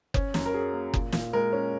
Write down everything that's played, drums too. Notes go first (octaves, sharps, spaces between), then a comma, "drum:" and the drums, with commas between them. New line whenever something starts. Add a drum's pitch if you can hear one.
C#4, drum: kick F#1
F#2, drum: snare
A#4
F#3 G#4
A#3
A#2, drum: kick F#1
A#2, drum: snare
G#3 A#4
C#4